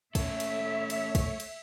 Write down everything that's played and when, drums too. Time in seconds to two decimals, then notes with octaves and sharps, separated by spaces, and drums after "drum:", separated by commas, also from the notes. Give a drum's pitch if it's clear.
0.15 A3 C#4 A4 C#5 E5, drum: kick, cymbal
0.40 drum: cymbal
0.90 drum: cymbal
1.15 drum: kick, cymbal
1.40 drum: cymbal